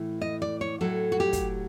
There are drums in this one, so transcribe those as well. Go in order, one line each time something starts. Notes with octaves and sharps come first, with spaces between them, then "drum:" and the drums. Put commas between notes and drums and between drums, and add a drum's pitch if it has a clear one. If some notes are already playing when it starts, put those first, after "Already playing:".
Already playing: A2 E3
D#5
D5
C#5
A2 F#3 A4
F#4
G4
drum: kick, hi-hat